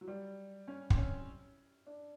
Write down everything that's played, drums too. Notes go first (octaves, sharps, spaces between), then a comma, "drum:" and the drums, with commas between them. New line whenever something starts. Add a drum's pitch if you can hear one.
F#3
G3
C#4
C4, drum: kick
C#4
D4